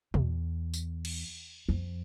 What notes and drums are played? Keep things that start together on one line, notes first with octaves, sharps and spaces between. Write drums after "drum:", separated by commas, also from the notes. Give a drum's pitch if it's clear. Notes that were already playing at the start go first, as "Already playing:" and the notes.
E2, drum: tom
drum: tambourine
drum: cymbal
F2